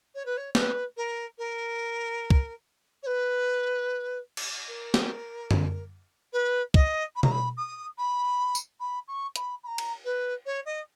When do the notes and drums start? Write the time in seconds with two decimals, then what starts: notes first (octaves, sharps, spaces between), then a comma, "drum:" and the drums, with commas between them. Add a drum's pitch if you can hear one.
0.15 C#5
0.25 B4
0.37 C#5
0.55 B4, drum: snare
0.97 A#4
1.38 A#4
2.30 drum: kick
3.03 C#5
3.06 B4
4.37 drum: cymbal
4.68 A#4
4.94 drum: snare
5.51 drum: tom F#2
6.33 B4
6.74 D#5, drum: kick
7.16 B5
7.23 A#5, drum: tom B2
7.31 B5
7.57 D#6
7.98 B5
8.55 drum: tambourine
8.80 B5
9.08 C#6
9.36 B5, drum: hi-hat
9.63 B5
9.67 A#5
9.78 drum: cymbal
10.04 B4
10.46 C#5
10.65 D#5